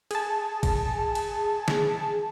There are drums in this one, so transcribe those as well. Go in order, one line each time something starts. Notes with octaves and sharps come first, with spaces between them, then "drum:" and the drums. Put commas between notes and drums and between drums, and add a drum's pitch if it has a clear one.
G#4 A5, drum: cymbal
drum: kick G#1, cymbal
drum: cymbal
drum: snare